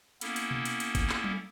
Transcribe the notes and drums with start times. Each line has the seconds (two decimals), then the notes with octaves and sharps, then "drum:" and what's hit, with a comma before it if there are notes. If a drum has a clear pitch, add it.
0.21 A#3 B3 C#4 E4 A4, drum: hi-hat
0.36 drum: hi-hat
0.51 drum: tom B2
0.65 drum: hi-hat
0.80 drum: hi-hat
0.95 drum: kick G1, hi-hat
1.10 drum: clap
1.24 drum: tom F#3